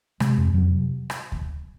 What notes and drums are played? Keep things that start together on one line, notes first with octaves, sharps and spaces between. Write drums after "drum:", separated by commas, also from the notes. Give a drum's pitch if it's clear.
C3 G#3, drum: rim click
F2
F2 F#3
C3
drum: rim click
drum: kick D2